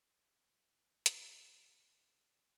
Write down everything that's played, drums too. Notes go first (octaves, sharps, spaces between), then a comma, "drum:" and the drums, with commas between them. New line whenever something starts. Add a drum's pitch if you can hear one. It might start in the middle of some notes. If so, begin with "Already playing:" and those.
E5
D5 E5 E6
F#2 B2 E3 B4 F#5 B5, drum: hi-hat
B3 E4 E5 G5
D4 D#4 A4 C5 C#5 G#5
C5 D5 A#5 C6